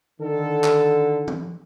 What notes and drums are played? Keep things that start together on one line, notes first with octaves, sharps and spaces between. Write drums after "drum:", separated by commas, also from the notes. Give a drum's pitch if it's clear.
D3 D#3 A4
drum: clap
drum: tom E3